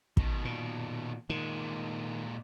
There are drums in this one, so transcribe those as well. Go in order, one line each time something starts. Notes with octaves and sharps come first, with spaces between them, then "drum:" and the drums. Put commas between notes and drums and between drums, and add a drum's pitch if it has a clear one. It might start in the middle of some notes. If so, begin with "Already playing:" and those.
B2 D#3, drum: kick
A#2
A#2 D#3 G#3